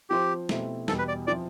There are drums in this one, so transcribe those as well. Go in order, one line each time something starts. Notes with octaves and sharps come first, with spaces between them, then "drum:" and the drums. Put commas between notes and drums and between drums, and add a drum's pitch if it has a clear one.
F3 C4 F4 G4 C5
B2 A3 C4 E4 G4, drum: snare
E2 B2 G3 A4, drum: snare
B4
D5
F3 C4 E4 D5